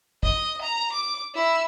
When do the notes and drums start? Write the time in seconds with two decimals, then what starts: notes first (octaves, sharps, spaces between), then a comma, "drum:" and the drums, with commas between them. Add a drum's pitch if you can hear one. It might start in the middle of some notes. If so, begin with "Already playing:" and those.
0.23 D#5, drum: kick G#1
0.62 A#5
0.93 D6
1.35 E4 E6